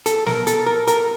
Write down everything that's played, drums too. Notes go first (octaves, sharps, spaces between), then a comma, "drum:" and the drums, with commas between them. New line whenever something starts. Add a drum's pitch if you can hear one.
A4, drum: hi-hat
A#4, drum: snare
A4, drum: hi-hat
A#4
A#4, drum: hi-hat